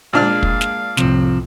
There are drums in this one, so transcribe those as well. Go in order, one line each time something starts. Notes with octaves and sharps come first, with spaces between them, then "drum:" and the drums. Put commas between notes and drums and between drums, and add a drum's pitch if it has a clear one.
A#2 G#3 A#3 D4 F5 F6
drum: kick
drum: snare
C2 F2 A2 C3 F3 C4, drum: snare